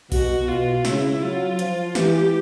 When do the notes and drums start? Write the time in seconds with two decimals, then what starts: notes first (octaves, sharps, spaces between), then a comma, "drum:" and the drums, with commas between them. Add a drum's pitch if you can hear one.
0.12 B2 F#4, drum: kick B1, open hi-hat
0.48 B2 F4
0.85 C#3 E4, drum: snare
1.22 F#3 F4
1.59 F3, drum: hi-hat
1.95 E3 G4, drum: snare